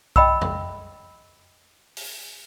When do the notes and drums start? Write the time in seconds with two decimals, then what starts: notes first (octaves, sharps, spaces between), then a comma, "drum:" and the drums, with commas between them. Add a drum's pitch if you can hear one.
0.16 D#5 G5 B5 E6, drum: kick B1
0.41 drum: tom F2
1.97 drum: open hi-hat